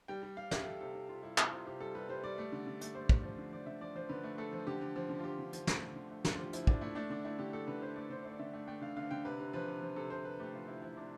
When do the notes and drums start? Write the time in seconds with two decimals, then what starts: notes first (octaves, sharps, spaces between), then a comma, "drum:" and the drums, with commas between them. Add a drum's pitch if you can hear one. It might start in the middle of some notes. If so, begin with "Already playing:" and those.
0.08 G3 G5
0.23 G3
0.37 G3 F5
0.51 G3 E5, drum: snare
0.66 G3 A4
0.81 C3 A4
0.95 C3
1.09 C3 F4
1.23 G3 E4
1.38 C3 E4, drum: clap
1.51 C3 F4
1.66 C3 G4
1.80 G3 A4
1.95 G3 B4
2.09 G3 C5
2.23 G3 D5
2.38 A3
2.52 D3
2.66 D3
2.81 A3, drum: hi-hat
2.95 A3 C5
3.09 A3, drum: kick
3.23 F3
3.38 D3
3.52 F3 D5
3.66 D3 E5
3.81 F3 D5
3.96 F3 C5
4.09 D3 B4
4.23 A3
4.38 A3 A4
4.53 F3
4.67 D3 G4
4.81 D3
4.96 F3
5.09 D3
5.19 F4
5.24 F3 G4
5.39 D3
5.53 F3, drum: hi-hat
5.67 A3, drum: snare
5.81 D3
5.95 D3
6.11 A3
6.25 D3, drum: snare
6.34 F4
6.39 F3 G4
6.53 F3 E4, drum: hi-hat
6.67 F3 D4, drum: kick
6.81 A3 E4
6.95 A3 D4
7.10 D3 D4
7.25 A3 E4
7.39 D3 G4
7.53 A3 A4
7.67 D3 B4
7.81 D3 C5
7.96 A3 D5
8.10 D3 C5
8.24 A3 C5
8.32 D5
8.39 D3 E5
8.53 A3
8.67 A3 G5
8.81 D3 F5
8.96 D3 F5
9.11 D3 G5
9.25 C3 B4
9.40 C3
9.53 F3 B4
9.68 C3
9.83 F3
9.96 C3 A4
10.10 C3 C5
10.25 C3 B4
10.39 A3 G4
10.54 F3 F4
10.68 C3 E4
10.82 F3 E4
10.97 C3 D4